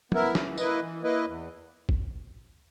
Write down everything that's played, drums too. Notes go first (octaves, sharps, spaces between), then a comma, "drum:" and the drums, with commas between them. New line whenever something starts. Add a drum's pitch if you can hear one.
B3 E4 A#4 E5, drum: tom
E3, drum: snare C#4
A#3 E4 B4 D#5, drum: tambourine
E3
A#3 E4 B4 D#5
E2
drum: kick